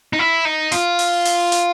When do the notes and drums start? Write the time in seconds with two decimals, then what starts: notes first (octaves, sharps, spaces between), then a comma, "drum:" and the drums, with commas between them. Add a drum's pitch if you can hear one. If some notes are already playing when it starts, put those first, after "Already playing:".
0.13 D#4
0.19 E4
0.45 D#4
0.72 F4, drum: hi-hat
0.99 drum: open hi-hat
1.25 drum: open hi-hat
1.52 drum: hi-hat